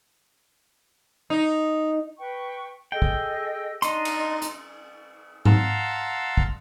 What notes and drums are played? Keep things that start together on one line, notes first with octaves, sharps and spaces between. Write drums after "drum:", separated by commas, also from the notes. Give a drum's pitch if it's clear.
D#4
B4 G5 C#6
G#4 A4 D#5 G5
drum: kick
D4 D#4 D#5 C6, drum: hi-hat
drum: cymbal
drum: hi-hat
F5 F#5 A5 A#5 C6 E6, drum: tom G#2
drum: kick